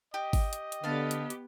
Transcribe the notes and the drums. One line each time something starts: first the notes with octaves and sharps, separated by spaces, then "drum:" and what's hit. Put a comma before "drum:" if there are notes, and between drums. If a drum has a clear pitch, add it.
G4 D#5
drum: kick G#1, open hi-hat
drum: hi-hat
drum: hi-hat
D3 B3 G4 F5 A5
drum: hi-hat
drum: hi-hat